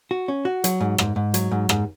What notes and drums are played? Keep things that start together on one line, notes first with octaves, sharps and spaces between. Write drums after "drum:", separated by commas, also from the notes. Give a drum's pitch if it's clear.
F#4
C#4
F#4
F#3, drum: hi-hat
G#2
G#2, drum: rim click
G#2
F#3, drum: hi-hat
G#2
G#2, drum: rim click